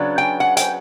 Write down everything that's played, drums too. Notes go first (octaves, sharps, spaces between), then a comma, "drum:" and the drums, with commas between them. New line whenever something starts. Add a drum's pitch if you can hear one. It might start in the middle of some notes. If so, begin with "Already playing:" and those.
Already playing: C#3 F#3 B3 D4
G5
F#5
G5, drum: hi-hat